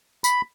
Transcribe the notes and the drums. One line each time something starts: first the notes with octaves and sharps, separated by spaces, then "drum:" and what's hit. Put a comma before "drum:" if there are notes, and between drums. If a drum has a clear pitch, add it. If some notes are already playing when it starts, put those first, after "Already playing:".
B5, drum: tambourine